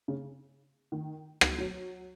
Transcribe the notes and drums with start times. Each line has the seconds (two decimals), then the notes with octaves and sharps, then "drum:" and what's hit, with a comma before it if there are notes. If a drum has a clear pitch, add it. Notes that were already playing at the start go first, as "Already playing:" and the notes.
0.08 C#3
0.92 D#3
1.41 drum: rim click
1.58 F#3